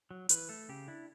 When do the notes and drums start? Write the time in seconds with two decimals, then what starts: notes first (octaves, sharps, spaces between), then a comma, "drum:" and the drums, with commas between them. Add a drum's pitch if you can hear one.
0.11 F#3
0.29 E3 B4, drum: hi-hat
0.49 A3 A4
0.69 C#3 G4
0.88 D4 E4